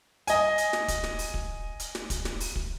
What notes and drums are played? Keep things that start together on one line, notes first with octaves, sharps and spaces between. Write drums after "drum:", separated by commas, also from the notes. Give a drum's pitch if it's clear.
D#5 G#5, drum: hi-hat
drum: hi-hat
drum: snare
drum: kick, hi-hat
drum: snare
drum: open hi-hat
drum: kick
drum: hi-hat
drum: snare
drum: kick, hi-hat
drum: snare
drum: open hi-hat
drum: kick